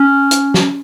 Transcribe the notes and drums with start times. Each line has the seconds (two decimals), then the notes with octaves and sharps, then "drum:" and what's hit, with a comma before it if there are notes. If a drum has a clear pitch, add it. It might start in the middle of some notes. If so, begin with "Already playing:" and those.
Already playing: C#4
0.31 drum: hi-hat
0.54 drum: snare